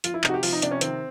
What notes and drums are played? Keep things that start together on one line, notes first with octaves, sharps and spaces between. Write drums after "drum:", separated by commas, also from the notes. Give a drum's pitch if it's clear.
F3 F4, drum: hi-hat
E4
C3 D#4, drum: clap
F#4
G4
F3 F4, drum: open hi-hat
D#4
C3 D4, drum: hi-hat
C#4
D#3 C4, drum: hi-hat